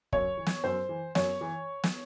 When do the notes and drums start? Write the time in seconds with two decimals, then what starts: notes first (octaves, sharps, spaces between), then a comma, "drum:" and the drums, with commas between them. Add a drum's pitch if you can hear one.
0.13 F#2 C#5, drum: kick
0.37 E3
0.46 drum: snare
0.64 F#2 C5
0.89 E3
1.15 F#2 C#5, drum: snare
1.41 E3
1.83 drum: snare